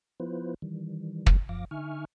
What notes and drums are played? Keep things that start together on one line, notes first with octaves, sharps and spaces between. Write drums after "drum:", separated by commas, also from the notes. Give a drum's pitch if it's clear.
F3 B3 E4 F4 B4 C5
D#3 E3 G3
drum: kick
F#2 F3 F5 D6 A#6
D3 D#4 E5 G#5 C#6 F6